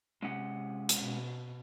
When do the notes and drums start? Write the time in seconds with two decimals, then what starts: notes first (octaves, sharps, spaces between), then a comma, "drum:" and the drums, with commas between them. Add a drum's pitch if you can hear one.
0.22 C3 G#3 C#4 F#5
0.89 drum: hi-hat
1.01 B2